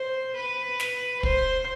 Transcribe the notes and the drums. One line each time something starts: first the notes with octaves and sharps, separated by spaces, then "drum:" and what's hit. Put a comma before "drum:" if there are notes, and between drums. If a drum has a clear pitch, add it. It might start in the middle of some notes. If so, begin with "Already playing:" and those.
Already playing: C5
B4
drum: snare
C5, drum: kick